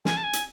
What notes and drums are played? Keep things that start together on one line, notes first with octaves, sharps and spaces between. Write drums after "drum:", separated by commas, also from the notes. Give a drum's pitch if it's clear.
G#5, drum: snare
A5
G#5
drum: hi-hat